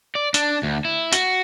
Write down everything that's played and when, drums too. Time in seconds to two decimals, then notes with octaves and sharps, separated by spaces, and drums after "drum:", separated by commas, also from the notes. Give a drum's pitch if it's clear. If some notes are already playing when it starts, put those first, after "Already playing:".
0.15 D5
0.34 D4, drum: hi-hat
0.63 D2
0.85 E4
1.13 F#4, drum: hi-hat